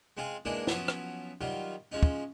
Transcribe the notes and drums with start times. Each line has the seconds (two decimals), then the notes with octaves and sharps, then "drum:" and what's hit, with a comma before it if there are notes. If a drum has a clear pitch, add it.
0.17 G#3 C4 F4 G#4
0.45 E3 G#3 A#3 D4 D#4 G#4
0.67 F3 F#3 B3 C#4 E4, drum: snare
0.88 drum: rim click
1.41 D#3 F#3 G3 F4
1.92 F3 G#3 C#4 D#4
2.03 drum: kick